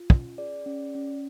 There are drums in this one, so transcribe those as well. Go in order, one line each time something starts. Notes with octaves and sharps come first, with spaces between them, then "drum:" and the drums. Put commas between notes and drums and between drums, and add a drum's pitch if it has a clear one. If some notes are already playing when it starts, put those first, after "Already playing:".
Already playing: F4
C#4, drum: kick
G#4 D5
C#4
C#4